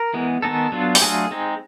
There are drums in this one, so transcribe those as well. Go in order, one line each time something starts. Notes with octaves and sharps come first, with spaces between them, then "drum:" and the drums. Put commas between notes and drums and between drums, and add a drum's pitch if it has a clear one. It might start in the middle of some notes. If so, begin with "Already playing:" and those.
Already playing: A#4
E3 G#3 B3
D#3 G#3 B3 D#4 A4
F#3 B3 D4 F4
G4, drum: open hi-hat
F#3 A3 D4 F4 G#4
G#3 C4 D#4